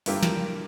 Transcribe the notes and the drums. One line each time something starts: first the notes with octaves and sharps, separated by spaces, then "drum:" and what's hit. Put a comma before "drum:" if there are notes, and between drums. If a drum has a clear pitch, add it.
G2 D3 A#3 E4 G4, drum: open hi-hat
drum: snare